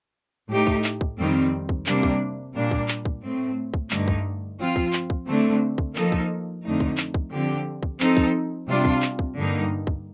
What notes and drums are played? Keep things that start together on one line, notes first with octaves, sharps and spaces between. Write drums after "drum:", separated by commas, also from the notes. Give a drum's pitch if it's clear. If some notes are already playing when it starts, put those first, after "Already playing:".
A2 A3 D#4 G4
drum: kick
drum: clap
drum: kick
F2 D#3 G3 C4
drum: kick
C3 G3 A#3 D4, drum: clap
drum: kick
A#2 G3 A#3 D4
drum: kick
drum: clap
drum: kick
A2 A3 C4
drum: kick
G2 D3 A3 D#4, drum: clap
drum: kick
F3 C4 F4
drum: kick
drum: clap
drum: kick
D3 A3 C4
drum: kick
F3 A#3 D#4 A4, drum: clap
drum: kick
F2 D3 A3 D#4
drum: kick
drum: clap
drum: kick
D3 F3 C4 G4
drum: kick
F3 C4 D#4 A4, drum: clap
drum: kick
C3 G3 D4 F4
drum: kick
drum: clap
drum: kick
G2 D3 G3 A#3 D#4
drum: kick